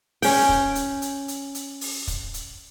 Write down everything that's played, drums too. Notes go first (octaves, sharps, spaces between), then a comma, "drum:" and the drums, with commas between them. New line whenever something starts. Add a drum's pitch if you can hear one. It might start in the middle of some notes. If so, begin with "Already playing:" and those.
C#4 G5, drum: open hi-hat
drum: kick
drum: hi-hat
drum: hi-hat
drum: hi-hat
drum: hi-hat
drum: open hi-hat
drum: kick, hi-hat
drum: hi-hat